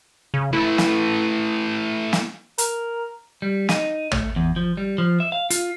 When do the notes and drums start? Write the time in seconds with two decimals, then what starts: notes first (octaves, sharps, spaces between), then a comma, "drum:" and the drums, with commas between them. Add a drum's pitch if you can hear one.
0.34 C#3
0.53 A3 E4 B4
0.78 drum: snare
2.13 drum: snare
2.58 A#4, drum: hi-hat
3.42 G3
3.69 D#4, drum: snare
4.11 A3, drum: tom
4.36 E2
4.56 F3
4.77 G3
4.98 F3
5.20 E5
5.32 F5
5.50 F4, drum: hi-hat